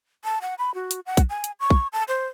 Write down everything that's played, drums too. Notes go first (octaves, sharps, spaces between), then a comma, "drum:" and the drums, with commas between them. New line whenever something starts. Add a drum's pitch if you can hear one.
A5
F#5
B5
F#4
drum: hi-hat
F#5
drum: kick, hi-hat
G#5
drum: hi-hat
C#6
drum: kick
A5
C5